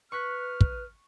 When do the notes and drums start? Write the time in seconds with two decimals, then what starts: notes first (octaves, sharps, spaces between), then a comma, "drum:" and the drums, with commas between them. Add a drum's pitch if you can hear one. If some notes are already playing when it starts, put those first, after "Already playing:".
0.12 B4 C#6 F6 F#6 B6
0.61 drum: kick